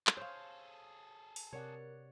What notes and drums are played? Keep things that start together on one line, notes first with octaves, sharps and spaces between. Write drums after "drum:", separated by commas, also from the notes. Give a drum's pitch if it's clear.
drum: clap
G#4 A4 C5 C#5 F5
drum: open hi-hat
C3 A#4 C#5 D5 F#5